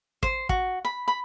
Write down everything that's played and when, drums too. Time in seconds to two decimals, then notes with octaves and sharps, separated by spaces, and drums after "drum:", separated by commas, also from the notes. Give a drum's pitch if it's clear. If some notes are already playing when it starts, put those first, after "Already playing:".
0.23 C5, drum: kick
0.49 F#4, drum: kick
0.85 B5
1.08 B5